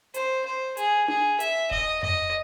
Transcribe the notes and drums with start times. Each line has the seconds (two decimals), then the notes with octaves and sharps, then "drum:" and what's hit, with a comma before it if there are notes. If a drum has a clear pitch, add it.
0.14 C5, drum: hi-hat
0.45 C5
0.77 G#4, drum: hi-hat
1.08 G#4, drum: tom D4
1.40 E5, drum: hi-hat
1.71 D#5, drum: kick D1
2.03 D#5, drum: tom F2